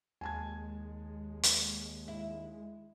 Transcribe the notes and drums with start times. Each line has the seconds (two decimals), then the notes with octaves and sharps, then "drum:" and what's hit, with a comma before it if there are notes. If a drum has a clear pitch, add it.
0.21 D#2 G#3 G#5 A5 G#6
1.43 drum: hi-hat
2.08 E4